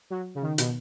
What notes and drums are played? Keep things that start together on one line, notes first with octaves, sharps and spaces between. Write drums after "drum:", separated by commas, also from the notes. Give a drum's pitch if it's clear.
F#3
C#3
D#3
B2, drum: hi-hat